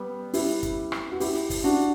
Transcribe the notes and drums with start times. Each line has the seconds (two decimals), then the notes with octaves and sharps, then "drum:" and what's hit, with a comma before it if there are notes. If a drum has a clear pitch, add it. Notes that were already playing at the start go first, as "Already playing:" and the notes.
Already playing: G3 B3
0.33 E4 G4, drum: open hi-hat
0.63 drum: kick, hi-hat
0.92 drum: rim click
1.12 F#4
1.20 E4 G4, drum: open hi-hat
1.50 drum: kick, open hi-hat
1.64 D4 F#4